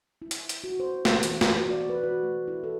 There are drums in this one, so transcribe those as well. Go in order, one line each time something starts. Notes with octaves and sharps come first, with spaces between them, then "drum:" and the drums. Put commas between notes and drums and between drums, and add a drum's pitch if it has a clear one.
E4
drum: hi-hat
drum: hi-hat
F#4
C5
B2, drum: snare
E3, drum: hi-hat
drum: snare
F#4
D5
B4
F#4
A3
E4
A4